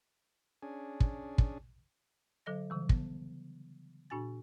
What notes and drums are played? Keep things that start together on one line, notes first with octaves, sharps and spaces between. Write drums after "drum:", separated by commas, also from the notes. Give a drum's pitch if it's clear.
C#4 D4 G#4
drum: kick
drum: kick
D3 F#3 A4 D#5 A#6
C#3 E3 G3
B3, drum: kick
A#2 D4 F#4 G#5 A6